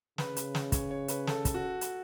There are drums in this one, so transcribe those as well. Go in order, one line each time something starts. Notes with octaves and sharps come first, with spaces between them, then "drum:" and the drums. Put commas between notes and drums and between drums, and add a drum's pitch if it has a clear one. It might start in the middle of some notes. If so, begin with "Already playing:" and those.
C#3 B4, drum: snare
drum: hi-hat
drum: snare
C#5, drum: kick, hi-hat
C#5
B4, drum: hi-hat
A4, drum: snare
drum: kick, hi-hat
F#4
drum: hi-hat